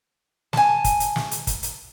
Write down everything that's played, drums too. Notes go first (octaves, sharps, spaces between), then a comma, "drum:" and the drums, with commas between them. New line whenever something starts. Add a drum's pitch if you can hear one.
G#5 A5, drum: snare
drum: kick, hi-hat
drum: hi-hat
drum: snare
drum: hi-hat
drum: kick, hi-hat
drum: hi-hat